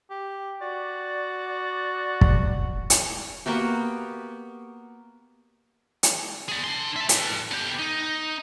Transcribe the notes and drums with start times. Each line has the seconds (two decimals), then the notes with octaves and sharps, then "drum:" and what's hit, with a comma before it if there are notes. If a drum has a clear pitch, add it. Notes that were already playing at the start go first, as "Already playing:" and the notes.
0.10 G4
0.61 F#4 D5
2.21 drum: kick
2.90 drum: hi-hat
3.46 A#3 B3 F#4 G4
6.03 drum: hi-hat
6.49 G#4 D5
6.64 D4 C6
6.96 E5 A5
7.09 A4 B4, drum: hi-hat
7.51 B3 G4
7.79 D#4